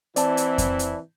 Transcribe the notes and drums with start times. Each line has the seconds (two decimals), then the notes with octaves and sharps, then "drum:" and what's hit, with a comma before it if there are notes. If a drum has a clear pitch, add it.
0.16 E3 C4 E4 D5 A5, drum: hi-hat
0.37 drum: hi-hat
0.58 drum: kick F2, hi-hat
0.79 drum: hi-hat